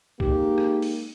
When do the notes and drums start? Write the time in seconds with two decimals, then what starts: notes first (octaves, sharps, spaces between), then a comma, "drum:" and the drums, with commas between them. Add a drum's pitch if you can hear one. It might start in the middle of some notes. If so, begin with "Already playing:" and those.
0.20 G#3 A#3 D#4 G4, drum: kick C2
0.58 drum: rim click
0.82 drum: open hi-hat